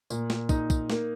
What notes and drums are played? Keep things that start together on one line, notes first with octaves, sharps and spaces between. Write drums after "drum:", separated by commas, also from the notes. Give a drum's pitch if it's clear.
A#2, drum: tambourine
drum: snare
D#4, drum: kick, tambourine
drum: kick, tambourine
A#3, drum: snare